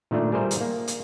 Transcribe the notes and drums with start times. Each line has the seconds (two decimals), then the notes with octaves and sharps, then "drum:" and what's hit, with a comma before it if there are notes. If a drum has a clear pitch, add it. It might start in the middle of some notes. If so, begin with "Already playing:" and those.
0.11 A#2 D#3 A3 D4
0.32 G3 G#4 A#4 C5
0.51 drum: hi-hat
0.61 A#3
0.87 drum: hi-hat